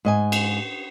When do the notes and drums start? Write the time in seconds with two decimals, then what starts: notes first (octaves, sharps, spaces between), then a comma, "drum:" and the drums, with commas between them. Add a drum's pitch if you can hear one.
0.05 G#2 D#5 G#5
0.32 drum: cymbal